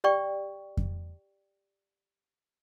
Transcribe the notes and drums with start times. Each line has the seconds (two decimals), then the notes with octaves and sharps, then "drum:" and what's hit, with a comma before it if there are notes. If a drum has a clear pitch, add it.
0.04 G4 D5 G5 C#6
0.77 drum: kick F2